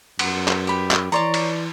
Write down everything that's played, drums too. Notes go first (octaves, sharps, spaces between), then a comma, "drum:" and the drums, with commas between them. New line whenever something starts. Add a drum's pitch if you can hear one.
F#2 B3, drum: cymbal
drum: clap
G4 B5
drum: clap
E3 C#5 D5 A#5 C6 C#6
drum: cymbal